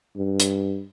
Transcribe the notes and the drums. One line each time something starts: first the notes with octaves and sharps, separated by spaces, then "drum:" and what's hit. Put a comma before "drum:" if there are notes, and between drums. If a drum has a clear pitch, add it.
G2
drum: hi-hat